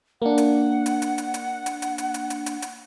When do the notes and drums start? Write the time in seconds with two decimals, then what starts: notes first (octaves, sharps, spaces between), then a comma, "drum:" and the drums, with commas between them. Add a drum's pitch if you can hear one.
0.22 A#3 D4 F#5
0.38 drum: hi-hat
0.86 drum: hi-hat
1.02 drum: hi-hat
1.18 drum: hi-hat
1.34 drum: hi-hat
1.66 drum: hi-hat
1.82 drum: hi-hat
1.98 drum: hi-hat
2.14 drum: hi-hat
2.30 drum: hi-hat
2.46 drum: hi-hat
2.62 drum: hi-hat